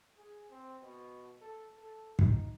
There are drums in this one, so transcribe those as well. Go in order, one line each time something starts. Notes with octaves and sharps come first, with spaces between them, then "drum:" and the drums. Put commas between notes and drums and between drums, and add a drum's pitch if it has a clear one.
G#4
C4
B2
A4
A4
D#4, drum: kick